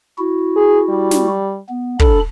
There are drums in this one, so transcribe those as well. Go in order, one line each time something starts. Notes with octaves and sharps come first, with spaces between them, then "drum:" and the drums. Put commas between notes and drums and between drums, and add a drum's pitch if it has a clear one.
E4 F#4
G#4
G3
drum: snare
B3
D4 A4 B5, drum: kick